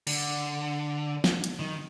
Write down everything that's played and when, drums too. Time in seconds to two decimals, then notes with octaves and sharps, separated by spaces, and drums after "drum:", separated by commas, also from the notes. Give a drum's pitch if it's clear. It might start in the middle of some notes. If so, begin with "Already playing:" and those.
0.07 D3, drum: cymbal
1.24 drum: snare
1.44 drum: hi-hat
1.59 D#3